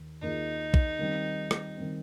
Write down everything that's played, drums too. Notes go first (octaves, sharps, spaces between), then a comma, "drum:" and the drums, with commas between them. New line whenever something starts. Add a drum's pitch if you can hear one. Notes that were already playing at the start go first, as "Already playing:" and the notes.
Already playing: D#2 D#3
D#2 D#3 A#3 D#4 F4 G#4
drum: kick
D#3 G3 C4
drum: rim click
D#3 G3 C4